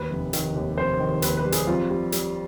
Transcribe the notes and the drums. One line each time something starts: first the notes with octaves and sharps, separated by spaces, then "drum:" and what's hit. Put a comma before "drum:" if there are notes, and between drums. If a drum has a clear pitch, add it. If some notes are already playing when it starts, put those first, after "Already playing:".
Already playing: D#2 B4
F1
D#3, drum: hi-hat
D#2
F1 C5
D#3
D#2 B4, drum: hi-hat
B4
G3
G#4, drum: hi-hat
F2 F4
G3
G3, drum: hi-hat